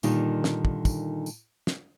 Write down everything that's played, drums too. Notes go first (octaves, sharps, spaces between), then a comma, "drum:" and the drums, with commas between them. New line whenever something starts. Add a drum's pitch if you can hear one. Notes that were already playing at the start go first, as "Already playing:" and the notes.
A#2 D3 D#3 G3 D#4 F4, drum: tambourine
drum: snare
drum: kick
drum: kick, tambourine
drum: tambourine
drum: snare